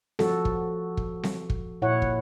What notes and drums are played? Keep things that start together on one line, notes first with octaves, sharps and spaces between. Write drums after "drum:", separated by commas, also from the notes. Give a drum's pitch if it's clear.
F3 F#4 A4, drum: snare C4
drum: kick
drum: kick
drum: snare C4
drum: kick
A#2 E4 C#5 F#5
drum: kick